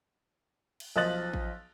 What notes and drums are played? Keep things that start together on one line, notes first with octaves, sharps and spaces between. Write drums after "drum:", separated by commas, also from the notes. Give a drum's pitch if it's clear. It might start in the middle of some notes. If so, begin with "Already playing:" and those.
drum: cymbal
B1 F3 D#5 F#6 A6 F#7
drum: kick A1